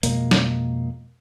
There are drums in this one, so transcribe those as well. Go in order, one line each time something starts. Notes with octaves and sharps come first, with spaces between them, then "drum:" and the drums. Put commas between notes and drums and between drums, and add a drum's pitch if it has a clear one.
F2 B2 G#3 A#3, drum: hi-hat
drum: snare